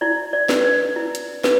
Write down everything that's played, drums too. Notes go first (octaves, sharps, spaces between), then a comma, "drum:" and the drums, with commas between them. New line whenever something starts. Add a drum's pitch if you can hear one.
E4 D5
D5
B4, drum: snare
D5
E4
drum: hi-hat
B4, drum: snare